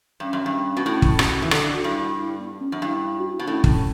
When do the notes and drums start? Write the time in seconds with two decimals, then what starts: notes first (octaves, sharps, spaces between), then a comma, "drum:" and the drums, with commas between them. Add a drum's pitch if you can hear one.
0.20 G2 C#4
0.33 F#2
0.46 G2
0.77 B2
0.86 A2
1.02 drum: kick
1.19 B2, drum: rim click
1.42 E3
1.51 D3 D4, drum: rim click
1.73 F#4
1.84 G2 E4
2.16 E4
2.38 B3
2.60 C#4
2.72 F#2 D4
2.82 G2 E4
3.18 F#4
3.27 E4
3.38 B2 D4
3.47 A2 C#4
3.64 drum: kick